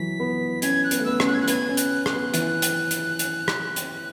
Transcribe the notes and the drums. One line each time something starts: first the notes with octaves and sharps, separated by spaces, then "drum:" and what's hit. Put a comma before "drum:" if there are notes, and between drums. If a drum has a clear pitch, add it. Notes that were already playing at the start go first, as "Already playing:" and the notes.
Already playing: E3 F#3 B6
B3
C#4 G#6, drum: hi-hat
F#6
B3, drum: hi-hat
A3
B3 E6
C#4, drum: rim click
F#6
G#6
F#6
B3 G#6, drum: hi-hat
C#4
F#6, drum: hi-hat
F#6, drum: rim click
B3
E3, drum: hi-hat
drum: hi-hat
drum: hi-hat
drum: hi-hat
drum: rim click
drum: hi-hat